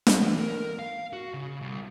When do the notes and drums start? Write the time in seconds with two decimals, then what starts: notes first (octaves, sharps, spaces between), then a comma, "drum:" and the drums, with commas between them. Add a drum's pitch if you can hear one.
0.07 drum: snare
0.23 E3
0.39 A#4
0.79 F5
1.13 F#4
1.34 C#3
1.61 C2